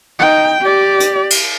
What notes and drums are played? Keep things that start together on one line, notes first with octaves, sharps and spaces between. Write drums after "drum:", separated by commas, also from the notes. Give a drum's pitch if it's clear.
D#4 G5
G4 D5
drum: hi-hat
drum: cymbal